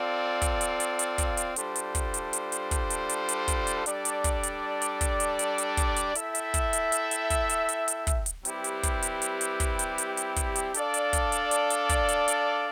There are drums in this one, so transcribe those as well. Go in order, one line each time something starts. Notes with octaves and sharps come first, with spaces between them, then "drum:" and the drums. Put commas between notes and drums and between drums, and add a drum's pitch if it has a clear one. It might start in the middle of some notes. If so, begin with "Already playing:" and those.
Already playing: C4 F4 A4 D5 F5
drum: kick, hi-hat
drum: hi-hat
drum: hi-hat
drum: hi-hat
drum: kick, hi-hat
drum: hi-hat
G3 D4 F4 A4 C5, drum: hi-hat
drum: hi-hat
drum: kick, hi-hat
drum: hi-hat
drum: hi-hat
drum: hi-hat
drum: kick, hi-hat
drum: hi-hat
drum: hi-hat
drum: hi-hat
drum: kick, hi-hat
drum: hi-hat
G3 D4 A4 D5, drum: hi-hat
drum: hi-hat
drum: kick, hi-hat
drum: hi-hat
drum: hi-hat
drum: kick, hi-hat
drum: hi-hat
drum: hi-hat
drum: hi-hat
drum: kick, hi-hat
drum: hi-hat
E4 A4 E5 G5, drum: hi-hat
drum: hi-hat
drum: kick, hi-hat
drum: hi-hat
drum: hi-hat
drum: hi-hat
drum: kick, hi-hat
drum: hi-hat
drum: hi-hat
drum: hi-hat
drum: kick, hi-hat
drum: hi-hat
G3 C4 E4 G4 B4, drum: hi-hat
drum: hi-hat
drum: kick, hi-hat
drum: hi-hat
drum: hi-hat
drum: hi-hat
drum: kick, hi-hat
drum: hi-hat
drum: hi-hat
drum: hi-hat
drum: kick, hi-hat
drum: hi-hat
D4 A4 D5 F5, drum: hi-hat
drum: hi-hat
drum: kick, hi-hat
drum: hi-hat
drum: hi-hat
drum: hi-hat
drum: kick, hi-hat
drum: hi-hat
drum: hi-hat